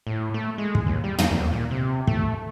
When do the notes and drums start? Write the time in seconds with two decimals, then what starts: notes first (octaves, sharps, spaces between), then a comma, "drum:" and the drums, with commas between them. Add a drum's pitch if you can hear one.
0.07 A2
0.34 A3
0.58 G#3
0.75 drum: kick
0.86 D#2
1.04 G3
1.18 D#4, drum: tom
1.31 D#2
1.52 A#2
1.71 C3
2.07 A3, drum: kick